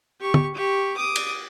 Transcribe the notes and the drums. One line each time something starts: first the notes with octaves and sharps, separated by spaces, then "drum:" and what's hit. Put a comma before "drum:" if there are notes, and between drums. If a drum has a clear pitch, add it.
G4 C#6
drum: tom
G4 C#6
D6 D#6
drum: cymbal